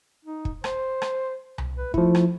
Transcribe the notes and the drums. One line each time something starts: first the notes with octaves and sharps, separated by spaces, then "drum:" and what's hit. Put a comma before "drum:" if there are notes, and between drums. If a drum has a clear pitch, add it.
D#4
drum: kick
C5, drum: rim click
drum: rim click
drum: tom C2
B4
F3 A3 E4, drum: kick
drum: rim click